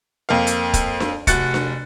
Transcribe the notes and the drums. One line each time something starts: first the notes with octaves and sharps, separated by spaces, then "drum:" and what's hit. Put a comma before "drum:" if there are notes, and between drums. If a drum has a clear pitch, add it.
F2 A#3 F5
drum: hi-hat
drum: kick, hi-hat
drum: snare D4
F1 F#4 F#6 A6 C#7, drum: kick, hi-hat
drum: snare D4